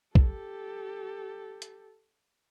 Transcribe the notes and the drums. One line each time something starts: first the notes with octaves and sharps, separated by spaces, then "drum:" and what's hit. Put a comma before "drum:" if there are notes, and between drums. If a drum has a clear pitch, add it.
G4 A4, drum: kick B1
drum: hi-hat